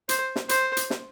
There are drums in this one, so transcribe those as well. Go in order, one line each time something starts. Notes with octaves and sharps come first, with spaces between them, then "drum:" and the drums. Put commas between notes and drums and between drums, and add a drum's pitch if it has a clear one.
C5, drum: hi-hat
drum: snare
C5, drum: hi-hat
drum: hi-hat
drum: snare